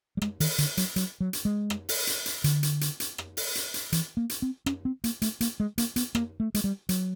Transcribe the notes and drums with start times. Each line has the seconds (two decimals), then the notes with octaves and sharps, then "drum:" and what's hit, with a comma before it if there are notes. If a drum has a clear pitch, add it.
0.17 G3
0.22 G#3, drum: rim click
0.40 D#3, drum: open hi-hat
0.58 D3, drum: hi-hat
0.77 F#3, drum: hi-hat
0.96 F#3, drum: hi-hat
1.20 F#3
1.33 drum: hi-hat
1.45 G#3
1.70 drum: rim click
1.89 drum: open hi-hat
2.07 drum: hi-hat
2.26 drum: hi-hat
2.44 D3, drum: hi-hat
2.63 drum: hi-hat
2.81 drum: hi-hat
3.00 drum: hi-hat
3.18 drum: rim click
3.37 drum: open hi-hat
3.55 drum: hi-hat
3.74 drum: hi-hat
3.92 E3, drum: hi-hat
4.17 A#3
4.30 drum: hi-hat
4.42 C4
4.66 C#4, drum: rim click
4.85 C4
5.04 A#3, drum: hi-hat
5.22 A3, drum: hi-hat
5.41 A#3, drum: hi-hat
5.60 G#3
5.78 A#3, drum: hi-hat
5.96 B3, drum: hi-hat
6.15 A#3, drum: rim click
6.40 A3
6.54 G#3, drum: hi-hat
6.64 G3
6.89 F#3, drum: hi-hat